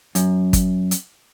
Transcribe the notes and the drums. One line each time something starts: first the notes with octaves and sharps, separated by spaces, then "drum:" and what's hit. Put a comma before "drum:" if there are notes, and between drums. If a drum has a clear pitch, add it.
F#2, drum: hi-hat
drum: kick, hi-hat
drum: hi-hat